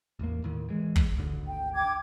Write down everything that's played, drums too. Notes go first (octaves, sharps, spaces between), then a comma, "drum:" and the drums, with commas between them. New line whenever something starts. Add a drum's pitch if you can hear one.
A1 E2 A#3
D#2 A2 D#3
E3 G#3
drum: kick
G#1 D2 D3
G5
G5 D6 G#6